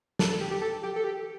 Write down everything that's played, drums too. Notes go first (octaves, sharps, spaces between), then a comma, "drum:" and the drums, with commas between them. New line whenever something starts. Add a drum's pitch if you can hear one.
A4, drum: snare
A4
G4
G4
A4
G4
A4
G4